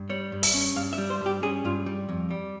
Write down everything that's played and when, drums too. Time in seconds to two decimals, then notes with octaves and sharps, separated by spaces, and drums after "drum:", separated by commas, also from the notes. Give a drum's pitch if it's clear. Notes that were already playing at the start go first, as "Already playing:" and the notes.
Already playing: G2
0.10 G3 C#5
0.32 G2
0.43 E5, drum: open hi-hat
0.54 C#4
0.76 G2 F5
0.93 E5
0.98 G3
1.10 C5
1.21 G2 G4
1.42 C#4 G#4
1.65 G2 F4
1.86 G3
2.09 F2
2.31 G3